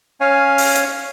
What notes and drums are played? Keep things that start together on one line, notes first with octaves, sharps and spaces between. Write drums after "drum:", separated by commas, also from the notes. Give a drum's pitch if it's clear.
C#4 C#5 F5 G#5 F6
drum: open hi-hat
drum: hi-hat